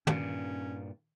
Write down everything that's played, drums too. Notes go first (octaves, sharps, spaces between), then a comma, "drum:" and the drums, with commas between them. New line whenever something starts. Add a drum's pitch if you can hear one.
G2 A#2 C#4, drum: tom